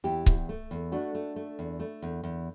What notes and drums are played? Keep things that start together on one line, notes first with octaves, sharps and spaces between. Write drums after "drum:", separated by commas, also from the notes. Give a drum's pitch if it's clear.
E2 E4 G4
E2, drum: kick C#1
A3
E2
A3 D4 F#4
A3
A3
E2
A3
E2
E2